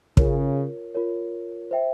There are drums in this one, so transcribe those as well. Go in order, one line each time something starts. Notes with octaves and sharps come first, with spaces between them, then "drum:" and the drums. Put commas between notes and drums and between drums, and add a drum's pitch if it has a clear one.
C#3 F4 A#4 C#5, drum: kick
F4 A#4 C#5
C5 E5 G5